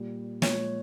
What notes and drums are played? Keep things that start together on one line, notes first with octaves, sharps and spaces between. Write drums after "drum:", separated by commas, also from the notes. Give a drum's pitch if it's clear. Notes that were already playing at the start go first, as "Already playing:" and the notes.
Already playing: A#2 G3
A#2 F3 G#3 C#5, drum: snare